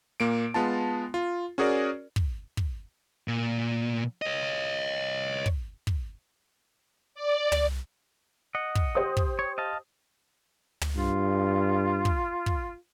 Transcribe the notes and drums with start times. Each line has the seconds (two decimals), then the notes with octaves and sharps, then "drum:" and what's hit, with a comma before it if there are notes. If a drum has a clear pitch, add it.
0.20 A#2 A#3 D7
0.54 G#3 B3 F4 A5
1.14 F4
1.58 C#4 F#4 G#4 A#4 D5
2.16 drum: kick
2.57 drum: kick
3.28 A#2
4.22 C#5 D#5
5.46 drum: kick
5.87 drum: kick
7.15 D5
7.52 drum: tom
8.55 D#5 F#5
8.75 drum: kick
8.95 G4 C5 D#6
9.17 drum: kick
9.39 C#5
9.58 D#5 F5 A5
10.81 drum: tom
10.96 G2 F4
12.05 drum: kick
12.46 drum: kick